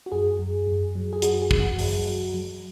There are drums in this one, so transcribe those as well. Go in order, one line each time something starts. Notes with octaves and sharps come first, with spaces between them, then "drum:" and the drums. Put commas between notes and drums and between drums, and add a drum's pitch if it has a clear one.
F#4
F#2 G#4
F#2
F#2
F#3
G#4
F#2 F#4, drum: hi-hat
G#4
F#2, drum: kick
F#4
F#2, drum: open hi-hat
F#3
F#3